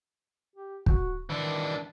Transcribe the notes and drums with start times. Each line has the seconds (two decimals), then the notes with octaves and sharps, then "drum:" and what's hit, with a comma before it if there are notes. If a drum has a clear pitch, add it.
0.56 G4
0.86 F#4, drum: kick
1.30 D#3 E3 D4